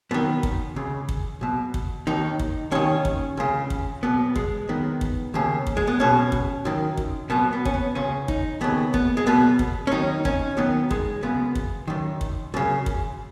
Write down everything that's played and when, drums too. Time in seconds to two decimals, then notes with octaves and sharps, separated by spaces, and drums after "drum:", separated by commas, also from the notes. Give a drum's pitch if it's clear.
0.11 F#2 D#3 B3
0.43 drum: kick
0.76 C#2 C#3
1.09 drum: kick
1.41 B1 B2
1.74 drum: kick
2.07 D#2 D#3 D#4
2.39 drum: kick
2.71 D#2 D#3 C#4
3.05 drum: kick
3.37 C#2 C#3
3.70 drum: kick
4.03 B1 B2 B3
4.36 G#3, drum: kick
4.68 F#2 D#3 B3
5.01 drum: kick
5.34 D#2 C#3
5.67 drum: kick
5.77 G#3
5.87 B3
6.00 B1 B2 C#4
6.32 drum: kick
6.65 F#2 D#3
6.97 drum: kick
7.30 B1 B2 B3
7.53 B3
7.65 C#4, drum: kick
7.74 B3
7.95 C#2 C#3 C#4
8.28 D#4, drum: kick
8.61 D#2 C#3 B3
8.94 B3, drum: kick
9.17 G#3
9.26 B1 B2 B3
9.59 drum: kick
9.87 C#4
9.91 F#2 D#3 D#4
10.25 C#4, drum: kick
10.57 F#2 D#3 B3
10.91 G#3, drum: kick
11.23 F#2 C#3 B3
11.55 drum: kick
11.88 F#2 D#3
12.21 drum: kick
12.54 F#2 C#3
12.86 drum: kick